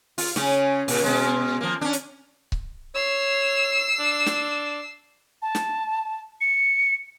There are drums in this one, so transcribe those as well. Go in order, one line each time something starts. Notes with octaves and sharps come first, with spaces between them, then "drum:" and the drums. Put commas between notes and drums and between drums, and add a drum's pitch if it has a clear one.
F4, drum: open hi-hat
C#3 C#4, drum: snare
A#2 C#3, drum: open hi-hat
B2 G#3
F3 A#3
C#4 D4
drum: hi-hat
drum: kick C#1
C#5 E6 C7
D4
drum: snare
A5
drum: snare
C#7